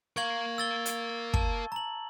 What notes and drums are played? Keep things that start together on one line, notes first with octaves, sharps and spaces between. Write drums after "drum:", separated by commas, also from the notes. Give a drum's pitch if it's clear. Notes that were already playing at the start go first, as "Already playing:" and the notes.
A#4 F5 C#6 G#6 F#7
E6 A6 G7
drum: hi-hat
A5, drum: kick
A#5 F#7